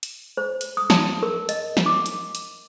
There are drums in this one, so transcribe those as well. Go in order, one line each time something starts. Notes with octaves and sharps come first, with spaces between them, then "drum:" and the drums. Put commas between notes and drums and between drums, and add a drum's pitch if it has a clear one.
drum: hi-hat
C5
drum: hi-hat
D#6
A5, drum: snare
A#4
D#5, drum: hi-hat
drum: snare
D6
drum: hi-hat
drum: hi-hat